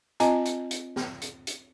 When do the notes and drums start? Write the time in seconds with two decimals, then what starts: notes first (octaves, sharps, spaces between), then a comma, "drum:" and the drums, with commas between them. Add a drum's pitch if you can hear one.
0.20 C4 F4 D#5 G#5 A#5, drum: hi-hat
0.45 drum: hi-hat
0.71 drum: hi-hat
0.96 drum: snare
1.21 drum: hi-hat
1.47 drum: hi-hat